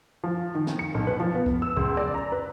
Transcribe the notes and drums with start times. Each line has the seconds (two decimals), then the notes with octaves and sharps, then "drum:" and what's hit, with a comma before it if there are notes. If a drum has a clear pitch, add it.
0.24 F3
0.55 D#3
0.67 drum: snare
0.79 C#7
0.94 B1
1.07 B4
1.20 F3
1.35 B3
1.46 drum: kick
1.62 E6
1.77 C#2, drum: kick
1.97 D5
2.14 A#5
2.32 B4